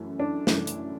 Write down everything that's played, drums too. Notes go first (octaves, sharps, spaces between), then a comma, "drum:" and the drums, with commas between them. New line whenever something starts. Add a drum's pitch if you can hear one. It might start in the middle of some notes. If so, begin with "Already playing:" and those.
Already playing: F#2 E3 A3 C#4
D4
F#2 E3 A3 C#4, drum: snare
drum: hi-hat